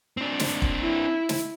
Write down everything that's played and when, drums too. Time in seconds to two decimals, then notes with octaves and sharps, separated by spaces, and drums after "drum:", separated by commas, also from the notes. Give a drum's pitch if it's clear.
0.17 C4 D4
0.40 drum: snare
0.62 drum: kick
0.81 E4
1.29 drum: snare